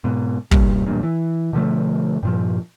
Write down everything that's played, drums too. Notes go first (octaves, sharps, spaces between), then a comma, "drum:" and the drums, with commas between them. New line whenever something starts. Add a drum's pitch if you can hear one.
G#2 B2
C2 G2 A#2 G3, drum: kick
B1 E2 G2 A#2
E3
B2 D3 F3 A3
G2 A#2 F3